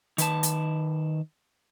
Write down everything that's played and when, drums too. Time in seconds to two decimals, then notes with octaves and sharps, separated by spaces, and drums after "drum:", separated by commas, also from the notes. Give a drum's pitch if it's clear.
0.18 D#3 B4 A5, drum: hi-hat
0.43 drum: hi-hat